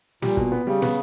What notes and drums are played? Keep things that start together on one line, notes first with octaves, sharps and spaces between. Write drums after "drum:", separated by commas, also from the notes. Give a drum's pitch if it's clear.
A#2 G3, drum: snare
B2, drum: kick
B3
C#3 G3
B3, drum: snare